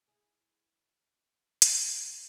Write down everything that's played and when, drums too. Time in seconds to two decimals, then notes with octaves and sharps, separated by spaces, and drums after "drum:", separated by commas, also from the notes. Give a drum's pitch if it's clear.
0.08 E4 G#4
1.62 drum: hi-hat